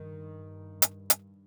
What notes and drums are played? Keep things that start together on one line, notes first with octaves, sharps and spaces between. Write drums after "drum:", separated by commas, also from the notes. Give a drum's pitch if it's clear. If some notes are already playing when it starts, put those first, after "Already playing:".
Already playing: G2 D#3
drum: hi-hat
drum: hi-hat